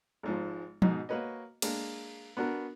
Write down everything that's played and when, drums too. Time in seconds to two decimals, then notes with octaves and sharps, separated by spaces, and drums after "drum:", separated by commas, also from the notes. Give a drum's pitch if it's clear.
0.23 G#1 G#2 F3
0.82 G#2 B2 D#4, drum: tom F3
1.09 A#3 F#4 B4 C#5 D#5
1.62 G#3 A#3 D4, drum: cymbal
2.37 B3 D4 F#4 A#4